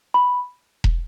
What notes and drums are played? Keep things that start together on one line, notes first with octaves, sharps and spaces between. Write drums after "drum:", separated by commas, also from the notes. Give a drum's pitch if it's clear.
B5
drum: kick E1